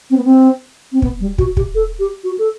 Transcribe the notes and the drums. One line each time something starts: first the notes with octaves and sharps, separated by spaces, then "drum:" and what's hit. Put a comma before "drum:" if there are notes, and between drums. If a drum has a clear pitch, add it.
C4
B3
C4
C4
B3, drum: kick
G3
F#4, drum: kick
G4, drum: kick
A4
G4
F#4
A4